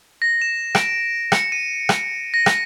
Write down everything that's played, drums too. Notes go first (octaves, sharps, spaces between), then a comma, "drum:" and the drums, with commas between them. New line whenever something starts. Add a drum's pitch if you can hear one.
A#6
E7
D7, drum: rim click
C#7, drum: rim click
D#7
drum: rim click
A#6
drum: rim click